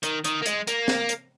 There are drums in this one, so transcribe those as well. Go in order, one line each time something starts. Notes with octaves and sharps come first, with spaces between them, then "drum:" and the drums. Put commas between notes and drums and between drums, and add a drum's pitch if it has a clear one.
D#3, drum: hi-hat
D#3, drum: hi-hat
A#3
G#3, drum: hi-hat
A#3, drum: hi-hat
drum: snare
drum: hi-hat